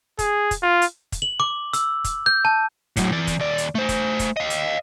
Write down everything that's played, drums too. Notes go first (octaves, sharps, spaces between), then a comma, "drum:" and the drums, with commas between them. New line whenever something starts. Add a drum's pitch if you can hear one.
G#4, drum: kick, hi-hat
drum: kick, hi-hat
F4
drum: hi-hat
drum: kick, hi-hat
F#7
D6
E6, drum: hi-hat
drum: kick, hi-hat
G6
A5
A2 F#3, drum: kick, hi-hat
E3 D5
drum: kick, hi-hat
D#2 D5
drum: hi-hat
A3 C5
drum: kick, hi-hat
drum: kick, hi-hat
D#5 F5
drum: hi-hat